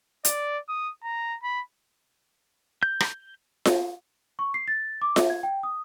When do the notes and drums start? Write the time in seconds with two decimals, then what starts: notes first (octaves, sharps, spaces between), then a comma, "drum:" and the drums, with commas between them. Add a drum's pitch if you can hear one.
0.25 D5, drum: hi-hat
0.69 D#6
1.03 A#5
1.43 B5
2.83 G6
3.00 drum: rim click
3.65 drum: snare F4
4.39 C#6
4.54 C7
4.68 A6
5.02 D6
5.16 E5, drum: snare F4
5.30 G#6
5.43 G5
5.63 D#6